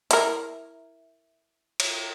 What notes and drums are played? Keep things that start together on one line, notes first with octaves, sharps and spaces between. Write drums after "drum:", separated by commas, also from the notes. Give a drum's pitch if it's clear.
E4 A#4, drum: hi-hat
drum: cymbal